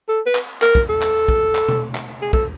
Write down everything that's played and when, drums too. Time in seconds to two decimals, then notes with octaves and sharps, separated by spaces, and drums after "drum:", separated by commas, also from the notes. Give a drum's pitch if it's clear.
0.08 A4
0.26 B4
0.35 drum: clap
0.62 A#4, drum: clap
0.75 drum: kick
0.89 A4
1.02 drum: clap
1.28 drum: kick
1.55 drum: clap
1.68 drum: tom B2
1.95 drum: clap
2.22 G#4
2.33 A4, drum: kick